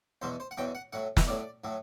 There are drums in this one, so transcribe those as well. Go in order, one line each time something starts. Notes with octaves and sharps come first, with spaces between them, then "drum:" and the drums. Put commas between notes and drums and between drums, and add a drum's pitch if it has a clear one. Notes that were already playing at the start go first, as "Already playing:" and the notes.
E2 B2 F#3 C5
C5
F#5
E2 B2 F#3 G5
F#5
A2 F#3 F#5
E5, drum: snare
A2 F#3 D5
A2 F#3